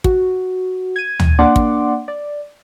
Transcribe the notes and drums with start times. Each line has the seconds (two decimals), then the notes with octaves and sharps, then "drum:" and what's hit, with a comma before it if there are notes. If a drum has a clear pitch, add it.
0.04 F#4, drum: kick
0.96 G#6 D#7
1.19 drum: tom
1.39 A#3 D4 D5 F#5 C6 D6
1.56 drum: kick
2.08 D5